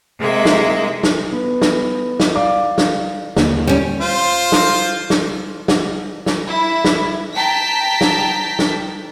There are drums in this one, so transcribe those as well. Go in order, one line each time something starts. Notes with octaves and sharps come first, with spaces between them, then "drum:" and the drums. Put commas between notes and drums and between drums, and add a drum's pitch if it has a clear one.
C3 G#3 A#3 E5
drum: snare
drum: snare
B3
drum: snare
drum: snare
D5 F5 D6
drum: snare
D#2 D3 A#3, drum: snare
G3 C#4
F4 C5
drum: snare
drum: snare
drum: snare
drum: snare
E4
drum: snare
G5 A5 A#5 B6
drum: snare
drum: snare